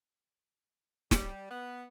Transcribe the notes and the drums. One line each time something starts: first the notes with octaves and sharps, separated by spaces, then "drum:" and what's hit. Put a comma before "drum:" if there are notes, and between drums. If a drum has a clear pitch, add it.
G3, drum: snare
B3